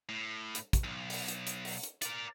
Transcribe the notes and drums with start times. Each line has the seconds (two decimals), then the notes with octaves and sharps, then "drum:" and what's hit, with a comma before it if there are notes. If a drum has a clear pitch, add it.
0.09 A2
0.55 drum: hi-hat
0.73 drum: kick, hi-hat
0.84 B1
1.10 drum: open hi-hat
1.28 drum: hi-hat
1.47 drum: hi-hat
1.65 drum: open hi-hat
1.83 drum: hi-hat
2.02 A#4 D5, drum: hi-hat